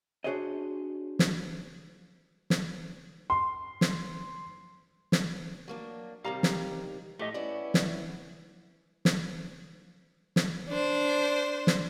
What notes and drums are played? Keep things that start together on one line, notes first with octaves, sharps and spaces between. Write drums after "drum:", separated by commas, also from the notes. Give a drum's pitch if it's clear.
D4 F#4 G#4 C5 C#5 D#5
drum: snare
drum: snare
C6
drum: snare
drum: snare
F#3 A#3 D4
C3 D#3 G3 F5 A#5
drum: snare
A2 A3 G4 D#5
B3 C#4 E4 D5
drum: snare
drum: snare
drum: snare
D4 C5
drum: snare